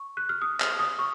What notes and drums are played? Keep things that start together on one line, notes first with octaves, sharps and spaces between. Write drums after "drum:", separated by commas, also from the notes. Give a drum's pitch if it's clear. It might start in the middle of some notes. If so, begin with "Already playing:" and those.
Already playing: C#6
F#6
F6
D#6
F6, drum: clap
D#6
C#6